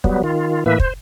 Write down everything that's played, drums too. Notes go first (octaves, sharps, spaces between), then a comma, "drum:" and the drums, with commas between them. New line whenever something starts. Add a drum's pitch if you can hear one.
F#3 G3 B3, drum: kick
D#3 F4
A2 E3 A#3 B4 E5
C5, drum: kick